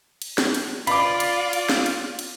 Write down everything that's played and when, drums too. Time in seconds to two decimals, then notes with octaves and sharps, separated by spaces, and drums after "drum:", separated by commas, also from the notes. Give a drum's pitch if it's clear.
0.22 drum: cymbal
0.38 drum: snare
0.54 drum: cymbal
0.87 F4 D5 B5 D6, drum: cymbal
1.20 drum: cymbal
1.53 drum: cymbal
1.69 drum: snare
1.86 drum: cymbal
2.19 drum: cymbal